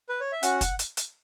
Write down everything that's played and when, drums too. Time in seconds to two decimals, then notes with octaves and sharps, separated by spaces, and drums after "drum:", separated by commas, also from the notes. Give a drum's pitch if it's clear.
0.09 B4
0.20 C#5
0.32 E5
0.43 C#4 F#4 F#5, drum: hi-hat
0.61 drum: kick, hi-hat
0.79 drum: hi-hat
0.97 drum: hi-hat